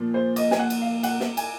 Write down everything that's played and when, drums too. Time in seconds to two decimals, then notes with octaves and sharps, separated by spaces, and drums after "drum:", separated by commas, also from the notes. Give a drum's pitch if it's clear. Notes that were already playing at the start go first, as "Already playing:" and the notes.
Already playing: A#2 F3
0.14 C5
0.36 D#5, drum: cymbal
0.51 G#5, drum: snare
0.59 F#5
0.70 drum: cymbal
0.82 F5
1.03 F#5, drum: cymbal
1.20 drum: snare
1.37 G#5, drum: cymbal